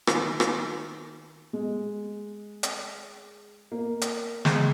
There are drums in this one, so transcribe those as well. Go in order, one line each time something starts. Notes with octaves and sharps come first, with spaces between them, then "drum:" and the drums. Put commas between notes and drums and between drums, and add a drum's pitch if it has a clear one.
D#3, drum: rim click
drum: rim click
G#3
drum: hi-hat
A#3
drum: hi-hat
G#3, drum: snare